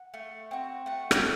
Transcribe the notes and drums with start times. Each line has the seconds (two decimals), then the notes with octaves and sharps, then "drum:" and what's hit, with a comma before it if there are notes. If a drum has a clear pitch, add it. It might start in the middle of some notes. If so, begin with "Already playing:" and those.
Already playing: F#5
0.14 A3
0.51 C4 F#4
0.86 A3 F#5
1.11 drum: rim click